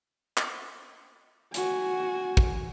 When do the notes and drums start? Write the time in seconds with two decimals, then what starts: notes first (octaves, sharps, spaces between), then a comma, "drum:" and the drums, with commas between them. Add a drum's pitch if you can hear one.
0.37 drum: clap
1.54 F#4 G#5, drum: hi-hat
2.37 drum: kick